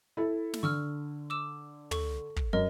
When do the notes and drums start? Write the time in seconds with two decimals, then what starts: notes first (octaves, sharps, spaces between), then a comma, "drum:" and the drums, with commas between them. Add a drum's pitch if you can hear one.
0.17 E4 A4
0.53 drum: snare
0.63 D3 C#6 E6 F6
1.30 D6 E6 E7
1.91 A4 C#6, drum: tom
2.36 drum: kick
2.53 F#2 A#4 D#5